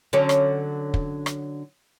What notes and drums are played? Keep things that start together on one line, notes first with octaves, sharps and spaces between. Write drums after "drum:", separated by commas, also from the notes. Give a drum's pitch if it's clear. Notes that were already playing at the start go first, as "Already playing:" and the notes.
D3 F#3 C#4
drum: rim click
drum: kick
drum: rim click